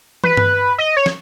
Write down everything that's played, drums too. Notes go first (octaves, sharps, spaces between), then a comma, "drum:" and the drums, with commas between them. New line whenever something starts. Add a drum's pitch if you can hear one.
B4, drum: tom
drum: tom G2
D#5
C#5
drum: snare